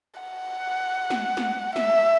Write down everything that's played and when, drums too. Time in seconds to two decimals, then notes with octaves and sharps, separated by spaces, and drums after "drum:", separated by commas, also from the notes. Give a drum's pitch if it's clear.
0.21 F#5
1.10 drum: snare
1.37 drum: snare
1.76 E5, drum: snare